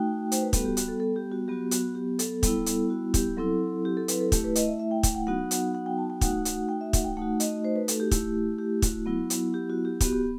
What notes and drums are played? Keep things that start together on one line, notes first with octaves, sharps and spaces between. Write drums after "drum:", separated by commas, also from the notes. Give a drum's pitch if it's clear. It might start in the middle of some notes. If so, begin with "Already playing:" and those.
Already playing: A3 D#4 F#4 G5
C5, drum: hi-hat
B4
G3 B3 F#4 A4, drum: kick, hi-hat
G4
F#4, drum: hi-hat
A4
A4
G4
F#4
F#3 B3 F#4 G4
F#4, drum: hi-hat
G4
A4, drum: hi-hat
G3 B3 E4, drum: kick, hi-hat
drum: hi-hat
F#4
G4, drum: kick, hi-hat
F#3 C4 E4 A4
G4
A4
B4, drum: hi-hat
A4
A3 E4 G4, drum: kick, hi-hat
B4
D#5, drum: hi-hat
E5
E5
G5
G5, drum: kick, hi-hat
F#5
F#3 B3 D#4 F#4 F#5
drum: hi-hat
F#5
G5
A5
G5
A3 D#4 F#4 F#5, drum: kick, hi-hat
F#5, drum: hi-hat
G5
E5
F#5, drum: kick, hi-hat
G5
A3 D#4 F#4 F#5
D#5, drum: hi-hat
D#5
C5
B4
A4, drum: hi-hat
G4
A3 E4, drum: kick, hi-hat
G4
F#4, drum: kick, hi-hat
F#3 B3 E4
drum: hi-hat
G4
F#4
G4
B3 F#4 G4, drum: kick, hi-hat
G4